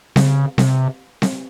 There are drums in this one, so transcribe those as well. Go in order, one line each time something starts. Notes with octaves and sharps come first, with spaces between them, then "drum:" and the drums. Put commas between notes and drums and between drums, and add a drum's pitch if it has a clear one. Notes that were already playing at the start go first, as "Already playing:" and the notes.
C#3, drum: snare C4
C3, drum: snare C4
drum: snare C4